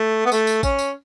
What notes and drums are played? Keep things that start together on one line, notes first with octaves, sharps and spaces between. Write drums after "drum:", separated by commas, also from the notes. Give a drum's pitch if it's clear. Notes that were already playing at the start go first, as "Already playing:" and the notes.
Already playing: A3
B3
A3, drum: tambourine
drum: tambourine
C#4, drum: kick, tambourine
drum: tambourine